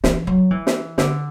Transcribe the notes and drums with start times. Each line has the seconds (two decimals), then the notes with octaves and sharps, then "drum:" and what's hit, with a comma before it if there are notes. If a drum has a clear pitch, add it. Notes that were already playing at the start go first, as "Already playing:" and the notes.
0.04 E3, drum: snare
0.27 F#3
0.51 E3
0.67 drum: snare
0.98 D3, drum: snare